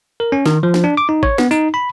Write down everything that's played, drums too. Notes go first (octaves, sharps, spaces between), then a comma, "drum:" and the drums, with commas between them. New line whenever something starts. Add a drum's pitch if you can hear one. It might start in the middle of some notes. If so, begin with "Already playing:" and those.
A#4
C#4
D#3, drum: snare
F3
drum: snare
D4
D6
D#4
C#5, drum: kick G#1
B3, drum: snare
D#4, drum: tambourine
B5